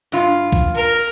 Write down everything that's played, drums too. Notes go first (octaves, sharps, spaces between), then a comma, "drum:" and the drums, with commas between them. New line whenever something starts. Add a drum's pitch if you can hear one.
G2 F4
drum: kick
A#4